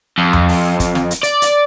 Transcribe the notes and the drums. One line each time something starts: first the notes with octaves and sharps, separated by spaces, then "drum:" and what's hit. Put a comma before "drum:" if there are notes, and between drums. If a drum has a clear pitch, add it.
F2
drum: tom E2
drum: open hi-hat
drum: kick, hi-hat
drum: snare
drum: hi-hat
D5, drum: hi-hat
drum: hi-hat